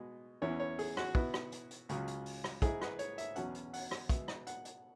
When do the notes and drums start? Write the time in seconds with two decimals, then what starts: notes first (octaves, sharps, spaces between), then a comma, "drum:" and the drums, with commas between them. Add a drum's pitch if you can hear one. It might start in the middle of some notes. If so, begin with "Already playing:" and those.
Already playing: B2 G#3
0.42 E2 E3 C#4 E4 C#5
0.60 C#5
0.79 G#4, drum: open hi-hat
0.97 F#4, drum: rim click
1.15 B2 B3 E4, drum: kick
1.34 drum: rim click
1.52 drum: hi-hat
1.71 drum: hi-hat
1.89 C#2 C#3 F#3, drum: hi-hat
2.07 drum: hi-hat
2.26 drum: open hi-hat
2.44 drum: rim click
2.62 G#2 G#3 E4 G#4, drum: kick, hi-hat
2.81 B4, drum: rim click
2.99 C#5, drum: hi-hat
3.18 E5, drum: hi-hat
3.35 E2 B2 F#3 C#4 F#5, drum: hi-hat
3.54 drum: hi-hat
3.73 F#5, drum: open hi-hat
3.91 drum: rim click
4.09 B2 G#3 B3 E5, drum: kick, hi-hat
4.28 drum: rim click
4.47 F#5, drum: hi-hat
4.65 drum: hi-hat